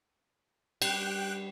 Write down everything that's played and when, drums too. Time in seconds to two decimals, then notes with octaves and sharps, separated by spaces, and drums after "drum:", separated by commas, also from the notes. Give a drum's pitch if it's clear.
0.82 G3 G5 F#6, drum: cymbal